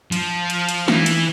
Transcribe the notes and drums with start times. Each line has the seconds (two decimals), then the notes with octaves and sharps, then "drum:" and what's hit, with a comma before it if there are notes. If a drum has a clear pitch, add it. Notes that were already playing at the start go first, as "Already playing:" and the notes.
0.12 F3, drum: hi-hat
0.50 drum: hi-hat
0.69 drum: hi-hat
0.88 E3, drum: snare
1.06 drum: hi-hat